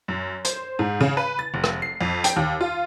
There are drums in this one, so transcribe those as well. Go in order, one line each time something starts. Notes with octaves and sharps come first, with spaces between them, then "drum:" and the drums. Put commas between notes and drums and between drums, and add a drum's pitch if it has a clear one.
F#2
C5, drum: hi-hat
G#2
C#3
B4
A6
F1
drum: rim click
C7
F2
G5, drum: hi-hat
D#2
F4